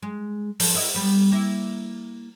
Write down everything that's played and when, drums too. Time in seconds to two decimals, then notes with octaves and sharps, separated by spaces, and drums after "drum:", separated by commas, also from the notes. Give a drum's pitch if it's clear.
0.02 G#3
0.60 F3, drum: open hi-hat
0.75 E4 D#5
0.94 G3 B3
1.32 A#3 E4